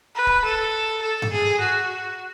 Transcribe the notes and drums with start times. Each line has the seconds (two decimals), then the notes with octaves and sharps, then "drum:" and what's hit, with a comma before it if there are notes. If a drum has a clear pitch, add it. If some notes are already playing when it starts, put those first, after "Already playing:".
0.15 B4
0.27 drum: kick
0.45 A4
1.02 A4
1.22 drum: tom G2
1.32 G#4
1.60 F#4